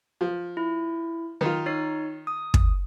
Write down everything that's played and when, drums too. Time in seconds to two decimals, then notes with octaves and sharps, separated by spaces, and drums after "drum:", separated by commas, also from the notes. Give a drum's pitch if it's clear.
0.21 F3
0.57 E4
1.41 D#3 F4
1.66 D#4 C#5 C7
2.27 D#6
2.54 drum: kick